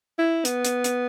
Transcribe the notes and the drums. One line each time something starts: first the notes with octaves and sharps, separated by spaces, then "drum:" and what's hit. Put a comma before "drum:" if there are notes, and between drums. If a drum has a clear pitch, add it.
E4
B3, drum: hi-hat
drum: hi-hat
drum: hi-hat